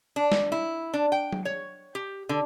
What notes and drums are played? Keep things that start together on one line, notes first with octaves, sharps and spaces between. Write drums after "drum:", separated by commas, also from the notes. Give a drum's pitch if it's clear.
D4
drum: snare
E4
D4
G5
drum: tom F#3
C#5
G4
D3